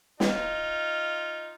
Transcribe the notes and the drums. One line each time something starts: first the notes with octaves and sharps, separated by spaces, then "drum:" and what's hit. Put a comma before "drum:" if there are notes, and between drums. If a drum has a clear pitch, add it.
D#4 F4, drum: snare